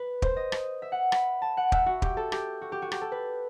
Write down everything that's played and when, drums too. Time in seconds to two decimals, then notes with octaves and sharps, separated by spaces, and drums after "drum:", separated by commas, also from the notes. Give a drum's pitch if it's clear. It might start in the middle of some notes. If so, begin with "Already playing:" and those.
Already playing: B4
0.22 C5, drum: kick
0.37 D#5
0.52 drum: rim click
0.82 E5
0.92 F#5
1.12 B5, drum: rim click
1.42 A5
1.57 F#5
1.72 E5, drum: kick
1.86 F#4
2.02 G4, drum: kick
2.17 A4
2.32 G4, drum: rim click
2.62 F#4
2.72 G4
2.82 F#4
2.92 G4, drum: rim click
3.01 A4
3.12 B4